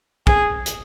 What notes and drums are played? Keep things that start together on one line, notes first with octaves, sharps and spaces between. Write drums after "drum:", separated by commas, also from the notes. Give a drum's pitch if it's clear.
G#4, drum: kick
drum: hi-hat